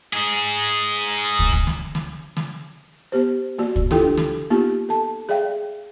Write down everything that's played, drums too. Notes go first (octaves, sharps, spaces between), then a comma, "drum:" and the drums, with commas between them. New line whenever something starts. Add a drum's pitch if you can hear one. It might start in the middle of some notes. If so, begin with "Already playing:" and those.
D#4 G#4
drum: kick
drum: kick
drum: snare
drum: snare
drum: snare
B3 G4 C5
A#3 F#4 D5
drum: kick
D4 E4 F4 G4 A4 G5, drum: snare
drum: snare
A#3 B3 D#4 F4 G4
A4 A5
G#4 D5 E5 F5 G5